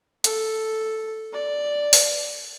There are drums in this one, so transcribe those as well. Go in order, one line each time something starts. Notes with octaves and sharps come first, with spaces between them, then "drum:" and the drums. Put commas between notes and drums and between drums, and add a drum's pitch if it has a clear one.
A4, drum: hi-hat
D5
drum: open hi-hat